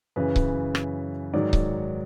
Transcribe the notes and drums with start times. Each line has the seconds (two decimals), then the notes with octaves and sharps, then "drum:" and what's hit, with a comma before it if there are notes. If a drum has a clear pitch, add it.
0.16 F#2 C#3 E3 B4
0.36 drum: kick C#1
0.75 drum: rim click
1.33 G#2 D#3 F#3 D5
1.53 drum: kick C#1